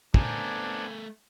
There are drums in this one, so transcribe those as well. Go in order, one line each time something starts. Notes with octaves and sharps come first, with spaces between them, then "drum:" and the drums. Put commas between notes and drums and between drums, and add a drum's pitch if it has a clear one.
A3 B3 C4 D4 A#4 G#5, drum: kick